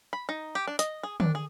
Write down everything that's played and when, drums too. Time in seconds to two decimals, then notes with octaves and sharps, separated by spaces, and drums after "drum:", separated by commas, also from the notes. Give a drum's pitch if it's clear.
0.13 B5
0.29 D#4
0.55 G4
0.68 D4
0.79 D#5, drum: hi-hat
1.03 G#4
1.20 D4, drum: tom D3
1.35 G#4